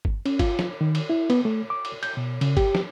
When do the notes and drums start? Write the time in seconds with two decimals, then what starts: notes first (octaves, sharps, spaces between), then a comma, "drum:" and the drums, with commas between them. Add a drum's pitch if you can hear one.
0.05 drum: kick G1
0.26 C#4, drum: cymbal
0.39 F4, drum: kick G1, cymbal
0.59 drum: snare
0.81 D#3
0.95 drum: cymbal
1.10 E4
1.30 B3, drum: cymbal
1.45 A3
1.70 D6
1.85 drum: cymbal
2.03 G6, drum: cymbal
2.17 B2
2.41 C#3, drum: cymbal
2.57 G4, drum: kick G1, cymbal
2.75 drum: snare